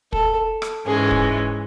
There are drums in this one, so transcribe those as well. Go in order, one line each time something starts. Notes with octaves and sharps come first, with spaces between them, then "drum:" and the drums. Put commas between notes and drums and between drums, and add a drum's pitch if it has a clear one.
A4, drum: kick
drum: rim click
G#2 E3 G#3 C#4 G#4
drum: kick